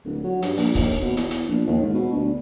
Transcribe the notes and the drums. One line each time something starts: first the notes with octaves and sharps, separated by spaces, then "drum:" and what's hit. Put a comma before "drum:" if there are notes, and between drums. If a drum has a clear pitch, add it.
D1
F#3
G2, drum: hi-hat
A#1, drum: open hi-hat
D#2, drum: kick, open hi-hat
B2
E2, drum: hi-hat
drum: hi-hat
A#1
D#2
G#2
B2
D2